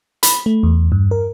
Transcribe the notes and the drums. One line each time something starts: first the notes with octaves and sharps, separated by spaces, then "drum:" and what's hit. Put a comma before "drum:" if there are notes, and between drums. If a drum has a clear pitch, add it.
B5, drum: hi-hat
A3
E2
G2
A#4